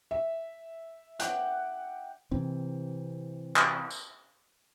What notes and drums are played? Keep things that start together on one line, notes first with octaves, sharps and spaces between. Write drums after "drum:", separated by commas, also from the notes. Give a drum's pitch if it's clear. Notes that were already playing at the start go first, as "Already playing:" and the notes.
E5
F#5 G5 D6, drum: hi-hat
C3 E3 C4
drum: clap
drum: tambourine